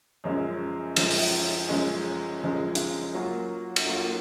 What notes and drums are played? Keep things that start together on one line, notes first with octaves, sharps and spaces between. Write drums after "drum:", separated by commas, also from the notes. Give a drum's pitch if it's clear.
F#2 C#3 F3 G#3 C#4
F#2 C#3 F3 G#3 C#4, drum: cymbal
drum: open hi-hat
F#2 C#3 F3 G#3 C#4
F#2 C#3 F3 G#3 C#4
drum: hi-hat
F#3 A#3 F4
drum: cymbal
F#3 A#3 F4